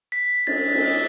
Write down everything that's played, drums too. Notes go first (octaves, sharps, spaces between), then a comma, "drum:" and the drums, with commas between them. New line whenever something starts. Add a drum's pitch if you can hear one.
B6
A6, drum: cymbal
drum: cymbal